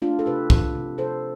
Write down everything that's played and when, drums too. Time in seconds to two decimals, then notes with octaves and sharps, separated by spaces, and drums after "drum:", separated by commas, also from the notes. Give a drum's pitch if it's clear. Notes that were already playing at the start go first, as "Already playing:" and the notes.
0.02 A3 D4 F4
0.19 A4
0.26 C3 G4 B4
0.50 F3, drum: kick
0.75 C3
0.98 C3 A4 C5